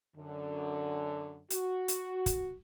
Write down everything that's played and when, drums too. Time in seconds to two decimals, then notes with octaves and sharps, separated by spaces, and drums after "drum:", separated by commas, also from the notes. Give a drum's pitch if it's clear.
0.16 F#2 D3
1.50 F#4, drum: hi-hat
1.88 drum: hi-hat
2.26 drum: kick, hi-hat